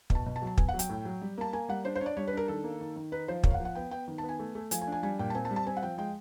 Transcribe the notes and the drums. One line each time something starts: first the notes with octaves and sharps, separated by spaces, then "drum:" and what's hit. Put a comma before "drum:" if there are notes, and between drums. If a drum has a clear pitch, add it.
B2, drum: kick
A5
B2
A5
F#3
A5
B3 G#5, drum: kick
F#5
F#3
G5, drum: hi-hat
A2
F#3
G3
A#3 A5
A#3 G#5
G3 F#5
D4 C5
C5
D4 C#5
D5
G3 C#5
B4
D4 A#4
D#3 A4
A#3
D#3
D#3
D#4 B4
F3 C5
A#3 C#5, drum: kick
F5
F#5
F3
F#5
B3 G5
B3 G5
D#3
A5
B3
G#5
A3
A3
F3 G#5, drum: hi-hat
G#5
D4
G#5
G3 G#5
A#2 G5
A5
C4 G#5
A5
G3
A5
C4 G#5
F#5
F3 G5
G#3 G5